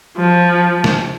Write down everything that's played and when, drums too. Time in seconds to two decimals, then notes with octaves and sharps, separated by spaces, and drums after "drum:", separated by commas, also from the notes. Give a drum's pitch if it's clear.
0.17 F3
0.84 drum: snare